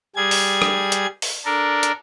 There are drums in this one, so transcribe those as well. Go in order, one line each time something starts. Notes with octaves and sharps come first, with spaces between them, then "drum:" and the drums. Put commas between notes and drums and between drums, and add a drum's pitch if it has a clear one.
G3 G#4 G#6
drum: open hi-hat
drum: rim click
drum: hi-hat
drum: open hi-hat
D4 A4 A#4
drum: hi-hat